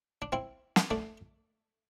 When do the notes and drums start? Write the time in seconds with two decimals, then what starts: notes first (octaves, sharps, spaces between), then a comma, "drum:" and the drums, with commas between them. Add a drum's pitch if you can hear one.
0.22 D4
0.32 C4 E4
0.76 drum: snare
0.91 A3 D4